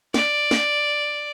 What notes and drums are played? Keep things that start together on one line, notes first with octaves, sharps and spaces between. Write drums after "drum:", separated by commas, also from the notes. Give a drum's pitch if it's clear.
D5, drum: snare
drum: snare